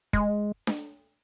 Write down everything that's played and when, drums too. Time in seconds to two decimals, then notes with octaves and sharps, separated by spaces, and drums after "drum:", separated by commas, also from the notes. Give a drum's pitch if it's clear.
0.13 G#3, drum: kick
0.67 drum: snare D4